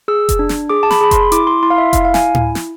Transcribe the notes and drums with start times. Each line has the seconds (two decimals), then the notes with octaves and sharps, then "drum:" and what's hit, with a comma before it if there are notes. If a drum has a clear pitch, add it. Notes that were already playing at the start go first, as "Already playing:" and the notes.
0.08 G#4 E6
0.29 drum: kick F1, hi-hat
0.39 D4
0.49 drum: snare
0.69 G#4 D6
0.83 A5
0.91 B5, drum: snare
1.01 G#4 B5
1.11 C6, drum: kick F1, hi-hat
1.32 E4 D6, drum: hi-hat
1.47 C6
1.62 E4 C6
1.70 F5
1.78 E5
1.93 E4 F5, drum: kick F1, hi-hat
2.05 F5
2.14 G#5, drum: snare
2.35 drum: tom A2
2.55 drum: snare